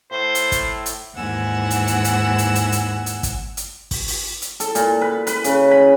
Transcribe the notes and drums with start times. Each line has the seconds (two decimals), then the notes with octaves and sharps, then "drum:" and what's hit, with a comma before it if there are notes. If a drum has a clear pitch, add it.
0.12 A2 C5
0.35 drum: hi-hat
0.52 drum: kick, hi-hat
0.86 drum: hi-hat
1.15 D#2 G#2 E3 F#5 G#5 E6
1.70 drum: hi-hat
1.87 drum: hi-hat
2.04 drum: hi-hat
2.38 drum: hi-hat
2.55 drum: hi-hat
2.72 drum: hi-hat
3.06 drum: hi-hat
3.23 drum: kick, hi-hat
3.57 drum: hi-hat
3.91 drum: kick, open hi-hat
4.08 drum: open hi-hat
4.42 drum: hi-hat
4.60 A4, drum: hi-hat
4.75 A#2, drum: hi-hat
5.01 B4
5.27 B4, drum: hi-hat
5.44 C#3, drum: hi-hat
5.71 B5